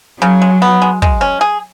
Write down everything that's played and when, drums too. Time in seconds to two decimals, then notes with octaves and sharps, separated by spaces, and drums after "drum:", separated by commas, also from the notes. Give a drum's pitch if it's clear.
0.22 C#3 F#3
0.42 G#3
0.62 B3
0.82 G#3
1.02 G#3, drum: kick
1.21 C#4
1.41 G#4